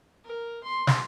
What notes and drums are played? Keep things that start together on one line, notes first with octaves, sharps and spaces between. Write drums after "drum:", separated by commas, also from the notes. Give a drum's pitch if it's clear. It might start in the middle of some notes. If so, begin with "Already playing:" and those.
A#4
C6
drum: snare